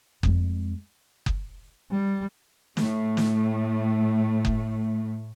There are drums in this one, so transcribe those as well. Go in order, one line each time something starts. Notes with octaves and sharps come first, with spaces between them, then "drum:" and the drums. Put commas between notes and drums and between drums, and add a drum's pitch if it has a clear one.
F2 G#3, drum: kick F#1
drum: kick F#1
G3
A2 A3, drum: snare
drum: snare
drum: kick F#1